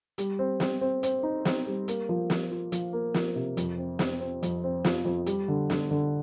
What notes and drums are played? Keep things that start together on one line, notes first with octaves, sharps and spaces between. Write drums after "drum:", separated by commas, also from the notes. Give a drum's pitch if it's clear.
G3, drum: hi-hat
C4
C4, drum: snare
C4
C4, drum: hi-hat
D#4
C4, drum: snare
G3
A#3, drum: hi-hat
F3
F3, drum: snare
F4
F3, drum: hi-hat
A#3
F3, drum: snare
C3
F2, drum: hi-hat
C4
C4, drum: snare
C4
F2, drum: hi-hat
C4
F3, drum: snare
F2
G3, drum: hi-hat
D3
D3, drum: snare
D3